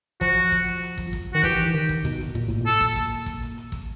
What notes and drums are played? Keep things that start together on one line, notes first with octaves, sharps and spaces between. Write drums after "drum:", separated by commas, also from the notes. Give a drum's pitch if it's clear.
F3 F#4, drum: kick, hi-hat
drum: hi-hat
drum: kick, hi-hat
drum: hi-hat
drum: hi-hat
drum: kick, hi-hat
drum: kick, hi-hat
D#3 F#4
E3 G4, drum: kick, hi-hat
drum: hi-hat
D#3
drum: kick, hi-hat
B2, drum: kick, hi-hat
drum: hi-hat
A#2, drum: kick
A2, drum: hi-hat
A#2 A4
drum: kick, hi-hat
drum: kick, hi-hat
drum: hi-hat
drum: kick, hi-hat
drum: hi-hat
drum: hi-hat
drum: kick, hi-hat